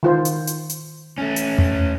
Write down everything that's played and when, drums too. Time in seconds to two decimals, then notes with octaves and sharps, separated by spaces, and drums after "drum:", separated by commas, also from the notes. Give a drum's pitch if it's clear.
0.03 D#3 F4 C5
0.25 drum: hi-hat
0.47 drum: hi-hat
0.70 drum: hi-hat
1.18 A3 C#4
1.36 drum: hi-hat
1.58 drum: tom E2